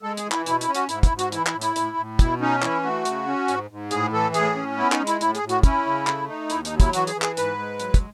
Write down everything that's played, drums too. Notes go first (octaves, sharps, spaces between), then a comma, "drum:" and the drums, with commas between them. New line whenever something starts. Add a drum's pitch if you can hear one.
G#3 A4
G#4, drum: hi-hat
E3
E4, drum: clap
B2 E4, drum: hi-hat
E4, drum: hi-hat
C#4
F#4, drum: hi-hat
G#2 E4, drum: hi-hat
E4, drum: kick, hi-hat
G#2
F#4, drum: hi-hat
E3 E4, drum: hi-hat
E4, drum: clap
A2
E4, drum: hi-hat
A2, drum: hi-hat
A2
B2 E4, drum: kick, hi-hat
C#4 D#4
E3 E4, drum: clap
A3 F#4
C#3, drum: hi-hat
C#4
G#2, drum: hi-hat
G#2
A2 G#4, drum: hi-hat
E3 A4
A2 G#4, drum: hi-hat
C#4
B3 E4
D#4, drum: clap
G#3
E4, drum: hi-hat
A2 E4, drum: hi-hat
G#4, drum: hi-hat
A2
F#4, drum: hi-hat
C#4 E4, drum: kick, hi-hat
C#3
A3, drum: clap
D#4
D#2 E4, drum: hi-hat
D#4, drum: hi-hat
F#3
E4, drum: kick, hi-hat
E3 F#4, drum: hi-hat
G#4, drum: hi-hat
E3
G#4, drum: clap
G#2 B4, drum: hi-hat
G#3
F#3, drum: hi-hat
drum: kick, hi-hat